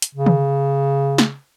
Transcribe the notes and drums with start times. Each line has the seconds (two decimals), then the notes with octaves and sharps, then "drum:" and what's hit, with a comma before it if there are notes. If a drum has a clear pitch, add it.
0.02 drum: hi-hat
0.15 C#3
0.26 drum: tom D3
1.18 drum: snare